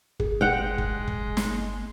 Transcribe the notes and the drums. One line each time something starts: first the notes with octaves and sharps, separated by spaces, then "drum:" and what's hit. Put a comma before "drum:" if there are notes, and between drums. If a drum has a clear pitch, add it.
G1 G#4, drum: kick
G#3 F#5 G5
drum: kick
drum: kick
drum: snare